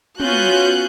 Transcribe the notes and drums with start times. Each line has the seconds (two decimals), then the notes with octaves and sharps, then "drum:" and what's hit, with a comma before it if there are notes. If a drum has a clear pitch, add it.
0.20 B3 C#4 F4 F#4 F#6 G6, drum: tom